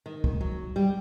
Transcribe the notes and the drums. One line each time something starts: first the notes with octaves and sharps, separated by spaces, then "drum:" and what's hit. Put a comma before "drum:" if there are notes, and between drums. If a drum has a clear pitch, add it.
D#3
drum: kick
F#3
G3